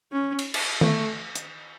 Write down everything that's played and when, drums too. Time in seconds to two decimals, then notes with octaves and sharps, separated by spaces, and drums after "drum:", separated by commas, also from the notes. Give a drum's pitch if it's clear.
0.12 C#4
0.39 drum: cymbal
0.54 drum: cymbal
0.81 A3, drum: tom D#3
1.35 drum: hi-hat